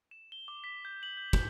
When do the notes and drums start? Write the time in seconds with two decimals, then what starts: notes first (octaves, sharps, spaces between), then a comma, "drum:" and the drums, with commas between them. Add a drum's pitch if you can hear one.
0.11 E7
0.32 G7
0.48 D6
0.64 B6
0.85 G6
1.03 F#7
1.17 G6
1.33 G6, drum: kick